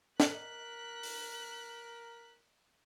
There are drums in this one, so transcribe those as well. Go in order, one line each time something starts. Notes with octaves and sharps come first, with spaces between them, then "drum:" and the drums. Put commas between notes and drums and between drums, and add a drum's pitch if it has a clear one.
A#4 F#6 B6, drum: snare
drum: open hi-hat